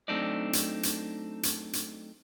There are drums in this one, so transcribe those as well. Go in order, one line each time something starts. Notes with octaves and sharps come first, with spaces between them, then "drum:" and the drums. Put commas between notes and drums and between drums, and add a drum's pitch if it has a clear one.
F#3 A3 C4 D4 D#4 D5
drum: hi-hat
drum: hi-hat
drum: hi-hat
drum: hi-hat